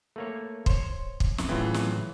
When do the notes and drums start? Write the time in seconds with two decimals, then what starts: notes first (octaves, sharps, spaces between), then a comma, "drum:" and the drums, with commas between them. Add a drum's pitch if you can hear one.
0.16 A3 A#3 C#5
0.66 C5 C#5, drum: kick
1.20 drum: kick
1.38 drum: snare
1.49 A2 C#3 E3 F#3 F4
1.74 drum: snare